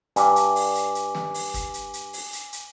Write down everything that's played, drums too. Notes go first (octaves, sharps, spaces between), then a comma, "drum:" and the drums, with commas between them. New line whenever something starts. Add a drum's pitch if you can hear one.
G2 G#5 D6, drum: hi-hat
drum: hi-hat
drum: open hi-hat
drum: hi-hat
drum: hi-hat
drum: snare
drum: open hi-hat
drum: kick, hi-hat
drum: hi-hat
drum: hi-hat
drum: open hi-hat
drum: hi-hat
drum: hi-hat